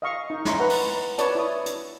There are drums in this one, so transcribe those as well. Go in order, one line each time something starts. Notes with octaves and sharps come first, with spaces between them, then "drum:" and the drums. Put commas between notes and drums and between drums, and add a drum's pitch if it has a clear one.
D#5 F5 C#6
D#4
C#4 E4 A#5 C6 C#6, drum: snare
B4 F#5 A#5
drum: open hi-hat
B4 C#5 D5 A5, drum: hi-hat
E4 D#6
drum: hi-hat